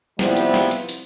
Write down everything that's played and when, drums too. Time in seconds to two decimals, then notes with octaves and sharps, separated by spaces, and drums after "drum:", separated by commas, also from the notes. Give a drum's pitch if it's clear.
0.19 C3 F3 G3 B3 C4 E4, drum: snare
0.37 drum: hi-hat
0.54 drum: snare
0.71 drum: hi-hat
0.89 drum: hi-hat